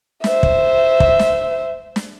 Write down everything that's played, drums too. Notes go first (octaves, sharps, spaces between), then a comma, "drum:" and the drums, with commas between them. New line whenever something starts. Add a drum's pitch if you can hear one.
C5 E5, drum: snare
drum: kick
drum: kick
drum: snare
drum: snare